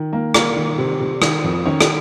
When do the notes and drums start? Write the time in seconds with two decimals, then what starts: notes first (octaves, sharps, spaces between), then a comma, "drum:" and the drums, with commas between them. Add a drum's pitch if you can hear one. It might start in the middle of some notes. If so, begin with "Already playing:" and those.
Already playing: D#3
0.13 A#3
0.34 A#3 A#4, drum: rim click
0.56 D#3
0.78 C3
1.00 C3
1.22 D#3, drum: rim click
1.44 F2
1.66 D#3 C#4 C#5
1.81 drum: rim click